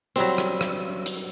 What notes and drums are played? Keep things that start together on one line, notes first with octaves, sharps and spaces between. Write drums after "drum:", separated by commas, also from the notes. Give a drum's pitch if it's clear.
F#3 G3 C4, drum: hi-hat
drum: rim click
drum: rim click
drum: hi-hat